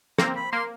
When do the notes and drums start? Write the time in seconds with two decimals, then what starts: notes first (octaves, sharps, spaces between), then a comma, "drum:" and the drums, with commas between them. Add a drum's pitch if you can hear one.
0.18 A#3 C4 A#5, drum: rim click
0.36 B5
0.52 A#3 C6